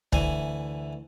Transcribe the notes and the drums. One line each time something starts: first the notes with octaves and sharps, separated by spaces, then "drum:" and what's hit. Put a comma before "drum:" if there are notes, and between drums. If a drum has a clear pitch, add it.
D2 E3 G#5, drum: kick